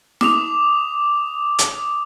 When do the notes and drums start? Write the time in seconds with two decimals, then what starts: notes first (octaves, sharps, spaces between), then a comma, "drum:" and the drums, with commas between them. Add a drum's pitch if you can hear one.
0.21 D6 D#6 F7, drum: snare
1.59 drum: hi-hat